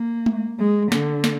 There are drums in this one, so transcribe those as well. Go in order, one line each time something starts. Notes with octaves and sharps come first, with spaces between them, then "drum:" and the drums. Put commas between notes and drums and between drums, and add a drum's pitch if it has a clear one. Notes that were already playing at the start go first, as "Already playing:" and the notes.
Already playing: A#3
drum: tom G#3
G#3
D3, drum: snare
drum: snare